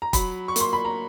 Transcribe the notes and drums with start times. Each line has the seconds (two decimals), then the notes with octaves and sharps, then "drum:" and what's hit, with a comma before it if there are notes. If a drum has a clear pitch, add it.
0.02 A#5
0.13 F#3 B5, drum: kick, hi-hat
0.48 C#6
0.56 A#3 C6, drum: hi-hat
0.73 B5
0.85 A#5